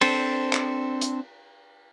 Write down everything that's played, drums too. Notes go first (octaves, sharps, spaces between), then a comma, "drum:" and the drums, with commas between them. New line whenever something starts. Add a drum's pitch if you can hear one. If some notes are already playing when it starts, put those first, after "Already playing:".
C4 D4 A4 C5, drum: cymbal
drum: clap
drum: hi-hat